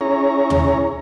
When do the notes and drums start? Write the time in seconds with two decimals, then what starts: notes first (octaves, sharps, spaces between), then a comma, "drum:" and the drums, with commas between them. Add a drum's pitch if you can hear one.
0.01 C#4 E4 G#4 C#5 A#5
0.50 drum: tom